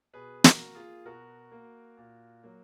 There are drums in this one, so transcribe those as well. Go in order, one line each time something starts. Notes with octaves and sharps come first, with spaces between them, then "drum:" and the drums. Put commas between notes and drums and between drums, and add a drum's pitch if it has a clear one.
B2 G#4 B4
F#4 A#4, drum: snare
A#3
F4 G#4
B2 F#4 A#4
A#3
A#2
F#3 A#3